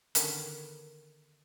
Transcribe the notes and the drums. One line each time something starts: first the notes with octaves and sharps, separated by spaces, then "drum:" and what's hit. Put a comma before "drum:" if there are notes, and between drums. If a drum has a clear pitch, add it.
D3 D#3 B3 C#4, drum: hi-hat